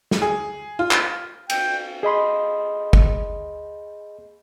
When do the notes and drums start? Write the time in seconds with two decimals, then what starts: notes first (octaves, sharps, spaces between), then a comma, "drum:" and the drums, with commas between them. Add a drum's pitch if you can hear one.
0.11 drum: snare
0.22 G#4
0.79 F4
0.91 drum: clap
1.50 G5, drum: cymbal
2.03 G#4 D#5 B5 C6
2.93 drum: kick